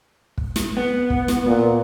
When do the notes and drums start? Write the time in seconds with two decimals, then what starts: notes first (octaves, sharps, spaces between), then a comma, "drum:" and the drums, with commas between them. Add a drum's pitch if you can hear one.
0.38 drum: kick
0.56 drum: snare
0.77 B3
1.10 drum: kick
1.28 drum: snare
1.46 A#2